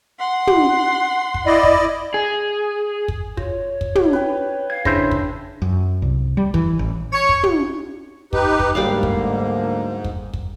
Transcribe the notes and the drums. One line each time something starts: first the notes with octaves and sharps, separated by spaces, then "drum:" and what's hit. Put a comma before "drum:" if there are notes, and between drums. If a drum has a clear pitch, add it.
F#5 C6
drum: tom
drum: kick
E4 D5 D#5
drum: kick
G#4
drum: kick
F4 C#5, drum: kick
drum: kick
drum: tom
B4 G5
F5 G#6
C#3 D4 E4 C5 G6 A#6, drum: kick
drum: kick
F#2
C2
G3
E3, drum: kick
A1
C#5
drum: kick
drum: tom
D#4 G4 B4, drum: kick
drum: kick
D2 G#2 G3 A#3 D5 F5
drum: kick
drum: kick
drum: kick